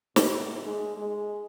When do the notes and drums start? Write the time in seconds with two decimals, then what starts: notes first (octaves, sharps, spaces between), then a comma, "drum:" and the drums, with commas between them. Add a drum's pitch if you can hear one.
0.16 A2, drum: snare
0.63 G#3
0.97 G#3